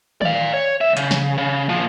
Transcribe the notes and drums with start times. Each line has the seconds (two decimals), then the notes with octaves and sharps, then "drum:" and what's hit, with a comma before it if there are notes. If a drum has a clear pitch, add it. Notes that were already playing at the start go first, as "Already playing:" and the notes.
0.22 D5 F5, drum: tom D#3
0.54 C#5
0.81 C#2 E5
0.97 C#3, drum: hi-hat
1.11 drum: snare
1.38 C#3
1.69 A#2 F3